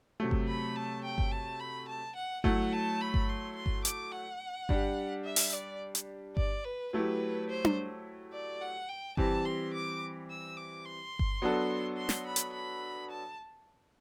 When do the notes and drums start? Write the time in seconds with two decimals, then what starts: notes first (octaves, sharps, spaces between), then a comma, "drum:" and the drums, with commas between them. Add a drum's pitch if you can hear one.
0.20 C3 F#3 A3
0.31 drum: kick G1
0.48 B5
0.76 A5
1.05 G5
1.18 drum: kick G1
1.32 A5
1.60 B5
1.88 A5
2.16 F#5
2.44 F#3 A3 E4 F#5, drum: kick G1
2.73 A5
3.01 B5
3.14 drum: kick G1
3.29 C6
3.56 C6
3.66 drum: kick G1
3.85 D6, drum: hi-hat
4.12 F#5
4.69 G3 D4 G4, drum: kick G1
5.25 E5
5.36 drum: open hi-hat
5.53 D5
5.95 drum: hi-hat
6.37 D5, drum: kick G1
6.64 B4
6.93 F#3 A3 E4 G4 B4
7.49 C5
7.65 drum: tom D4
8.33 D5
8.61 F#5
8.89 G5
9.17 E3 G3 C4 G4 A5, drum: kick G1
9.45 C6
9.74 D6
10.30 E6
10.57 D6
10.86 C6
11.19 drum: kick G1
11.42 F#3 B3 D4 F#4 A4
11.97 C6
12.09 drum: snare
12.26 B5
12.36 drum: hi-hat
12.54 B5
13.10 A5